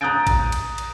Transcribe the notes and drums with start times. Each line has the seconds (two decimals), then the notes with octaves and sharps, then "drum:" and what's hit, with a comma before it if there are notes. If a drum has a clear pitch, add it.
0.01 A#5 D#6 F#6 G6 A6 D7
0.27 drum: kick A1, cymbal
0.52 drum: cymbal
0.78 drum: cymbal